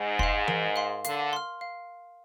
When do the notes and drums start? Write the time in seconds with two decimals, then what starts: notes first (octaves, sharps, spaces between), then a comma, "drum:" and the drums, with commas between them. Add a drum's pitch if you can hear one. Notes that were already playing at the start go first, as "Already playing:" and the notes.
Already playing: G#2
0.19 F5 C6, drum: kick
0.48 A#4, drum: tom E3
0.76 F5 C6
1.04 D3 F5, drum: hi-hat
1.33 C6 F6
1.61 F5